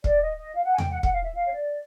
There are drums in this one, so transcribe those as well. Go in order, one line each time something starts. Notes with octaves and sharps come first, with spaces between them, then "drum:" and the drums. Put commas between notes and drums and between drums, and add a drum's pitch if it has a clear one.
D5, drum: kick
D#5
D#5
F5
F#5
G#5
G5, drum: tom E2
F#5
F#5, drum: kick
F5
E5
F5
C#5
D5